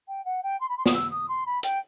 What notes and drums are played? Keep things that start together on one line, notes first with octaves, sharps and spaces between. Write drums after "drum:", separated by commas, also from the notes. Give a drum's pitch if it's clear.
G5
F#5
G5
C6
B5
C6
D#6, drum: snare
E6
D#6
C6
B5
G5, drum: hi-hat